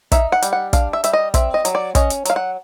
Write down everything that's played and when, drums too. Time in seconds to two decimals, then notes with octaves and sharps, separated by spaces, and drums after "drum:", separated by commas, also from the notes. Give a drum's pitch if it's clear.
0.12 D#4 E5, drum: kick, hi-hat
0.32 F#5
0.42 G3, drum: hi-hat
0.53 F#5
0.73 D4 F5, drum: kick, hi-hat
0.93 E5
1.04 G3 E5, drum: hi-hat
1.13 D#5
1.34 C4 E5, drum: kick, hi-hat
1.54 D#5
1.65 F#3, drum: hi-hat
1.75 D5
1.95 C#4 D#5, drum: kick, hi-hat
2.10 drum: hi-hat
2.25 F#3 F5, drum: hi-hat
2.36 F#5